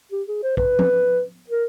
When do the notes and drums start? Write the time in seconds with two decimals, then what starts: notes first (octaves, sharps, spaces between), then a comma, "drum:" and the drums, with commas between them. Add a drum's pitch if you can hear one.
0.12 G4
0.28 G#4
0.43 C5
0.57 B4, drum: kick
0.79 drum: tom F3
1.50 A#4